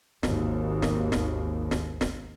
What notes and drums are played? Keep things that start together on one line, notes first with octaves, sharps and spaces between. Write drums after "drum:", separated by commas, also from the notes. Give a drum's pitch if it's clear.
G#1 D#2, drum: snare
drum: snare
drum: snare
drum: snare
drum: snare